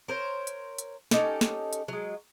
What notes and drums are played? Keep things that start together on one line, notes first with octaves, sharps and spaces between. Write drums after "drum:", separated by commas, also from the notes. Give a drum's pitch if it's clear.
A#4 C5 C#5
drum: hi-hat
drum: hi-hat
C#4 D#4 G4 A4, drum: snare
drum: snare
drum: hi-hat
F#3 G#3